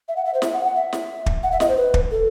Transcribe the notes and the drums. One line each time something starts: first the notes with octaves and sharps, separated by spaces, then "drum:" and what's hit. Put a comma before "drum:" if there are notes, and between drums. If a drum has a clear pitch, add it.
E5
F#5
E5
C5
E5, drum: snare
F#5
F#5
E5
drum: snare
drum: kick
F#5
E5
D#5, drum: snare
C5
B4
drum: kick
A4